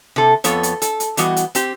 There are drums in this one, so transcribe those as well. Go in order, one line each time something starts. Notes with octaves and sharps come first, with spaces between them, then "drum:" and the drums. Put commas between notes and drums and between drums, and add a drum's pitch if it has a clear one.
C3 A4
F2 B3 A4 C#5, drum: hi-hat
drum: hi-hat
A4, drum: hi-hat
drum: hi-hat
E3 G3 B3 F#4 D#5, drum: hi-hat
drum: hi-hat
C4 G4, drum: hi-hat